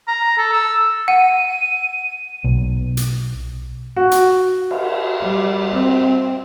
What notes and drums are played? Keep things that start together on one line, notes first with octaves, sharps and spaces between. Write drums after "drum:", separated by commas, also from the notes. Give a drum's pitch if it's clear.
A#5
A4
E6
F#5 D#7
B1
drum: hi-hat
F#4
drum: hi-hat
drum: cymbal
G3
C4